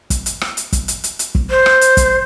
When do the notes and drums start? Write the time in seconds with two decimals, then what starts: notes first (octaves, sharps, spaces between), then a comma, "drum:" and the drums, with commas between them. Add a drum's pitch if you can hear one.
0.10 drum: kick, hi-hat
0.26 drum: hi-hat
0.41 drum: rim click
0.57 drum: hi-hat
0.73 drum: kick, hi-hat
0.88 drum: hi-hat
1.04 drum: hi-hat
1.19 drum: hi-hat
1.35 drum: kick
1.50 C5
1.66 drum: rim click
1.81 drum: hi-hat
1.97 drum: kick, hi-hat